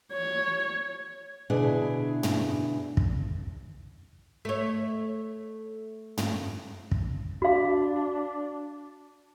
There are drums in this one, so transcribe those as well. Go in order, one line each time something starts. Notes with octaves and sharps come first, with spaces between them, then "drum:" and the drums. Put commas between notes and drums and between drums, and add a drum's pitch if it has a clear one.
C#5
B2 D3 D4 E4 G#4
drum: tom
drum: kick
A3 C#5
drum: tom
drum: kick
D4 F#4 F5